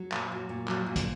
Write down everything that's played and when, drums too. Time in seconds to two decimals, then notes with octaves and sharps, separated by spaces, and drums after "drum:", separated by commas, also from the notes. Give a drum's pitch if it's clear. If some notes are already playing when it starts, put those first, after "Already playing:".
Already playing: F#3
0.12 A#2, drum: clap
0.32 F#3
0.49 A#2
0.68 F#3, drum: clap
0.86 A#2
0.96 drum: kick, hi-hat